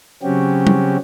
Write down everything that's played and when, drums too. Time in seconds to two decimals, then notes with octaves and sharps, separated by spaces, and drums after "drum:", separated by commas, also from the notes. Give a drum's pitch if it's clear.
0.23 C#3 F#3 C4 C#4 F#4 G4
0.67 drum: tom G3